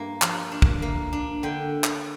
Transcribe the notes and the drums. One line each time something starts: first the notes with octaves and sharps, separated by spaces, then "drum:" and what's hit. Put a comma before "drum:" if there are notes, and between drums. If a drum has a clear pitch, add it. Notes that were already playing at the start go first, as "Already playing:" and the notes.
Already playing: G2 A#3
F3, drum: clap
D4
drum: kick
A#3
D4
D3 G5
drum: clap